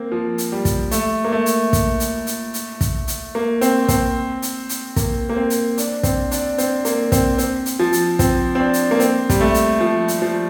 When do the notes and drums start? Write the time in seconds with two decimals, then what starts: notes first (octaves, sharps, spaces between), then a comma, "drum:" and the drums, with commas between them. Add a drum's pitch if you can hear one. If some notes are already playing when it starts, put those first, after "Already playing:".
Already playing: A#3 C4
0.12 F3
0.38 drum: hi-hat
0.52 G3
0.65 drum: kick, hi-hat
0.91 A3, drum: hi-hat
1.24 A#3
1.32 A3
1.46 drum: hi-hat
1.73 drum: kick, hi-hat
2.00 drum: hi-hat
2.27 drum: hi-hat
2.54 drum: hi-hat
2.81 drum: kick, hi-hat
3.08 drum: hi-hat
3.35 A#3
3.61 C4, drum: hi-hat
3.88 C4, drum: kick, hi-hat
4.42 drum: hi-hat
4.69 drum: hi-hat
4.96 A#3, drum: kick, hi-hat
5.29 A#3
5.36 C4
5.50 drum: hi-hat
5.78 D4, drum: hi-hat
6.03 C4, drum: kick, hi-hat
6.31 D4, drum: hi-hat
6.58 C4, drum: hi-hat
6.85 A#3, drum: hi-hat
7.12 C4, drum: kick, hi-hat
7.38 C4, drum: hi-hat
7.66 drum: hi-hat
7.79 F3
7.93 drum: hi-hat
8.19 C4, drum: kick, hi-hat
8.55 C4
8.60 D4
8.73 drum: hi-hat
8.91 A#3
9.00 C4, drum: hi-hat
9.29 G3, drum: kick, hi-hat
9.41 A3
9.54 drum: hi-hat
9.81 F3
10.08 drum: hi-hat
10.22 F3